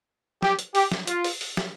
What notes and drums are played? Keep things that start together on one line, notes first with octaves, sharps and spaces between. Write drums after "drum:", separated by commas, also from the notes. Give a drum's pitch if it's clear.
G4, drum: snare
drum: hi-hat
G4, drum: open hi-hat
drum: snare
F4, drum: hi-hat
drum: open hi-hat
drum: open hi-hat
drum: snare